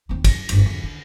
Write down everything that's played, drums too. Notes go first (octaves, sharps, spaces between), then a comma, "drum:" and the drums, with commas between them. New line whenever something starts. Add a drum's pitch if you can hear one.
D#2 C4
F#2, drum: kick, cymbal
D1 G1, drum: cymbal
F2 D3
D3